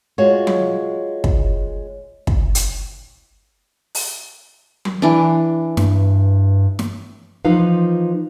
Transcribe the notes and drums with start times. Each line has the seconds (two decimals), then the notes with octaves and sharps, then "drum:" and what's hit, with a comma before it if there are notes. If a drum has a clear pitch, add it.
0.18 G#3 F4 F#4 C#5
0.47 drum: tom F#3
1.24 drum: kick
2.27 drum: kick
2.55 drum: hi-hat
3.95 drum: open hi-hat
4.85 drum: tom F#3
5.02 E3 D4
5.77 G2, drum: snare
6.79 drum: snare
7.45 E3 F3 D#4 F4 B4 F5